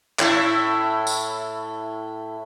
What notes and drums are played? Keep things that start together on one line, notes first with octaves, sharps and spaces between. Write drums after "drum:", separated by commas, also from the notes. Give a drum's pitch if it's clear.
A2 E4, drum: clap
drum: tambourine